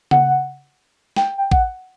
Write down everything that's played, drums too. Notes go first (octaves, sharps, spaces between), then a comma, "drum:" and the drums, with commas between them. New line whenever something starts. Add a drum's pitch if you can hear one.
F#5, drum: tom C#3
G5, drum: snare
G5
F#5, drum: kick A1